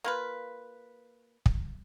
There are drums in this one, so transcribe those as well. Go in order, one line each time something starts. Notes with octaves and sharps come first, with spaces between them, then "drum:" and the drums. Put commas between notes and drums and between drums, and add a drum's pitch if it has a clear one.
A#3 F4 B4
drum: kick